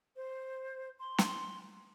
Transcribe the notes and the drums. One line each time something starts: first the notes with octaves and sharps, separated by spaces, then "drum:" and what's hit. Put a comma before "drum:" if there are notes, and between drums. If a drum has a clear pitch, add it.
C5
C6
drum: snare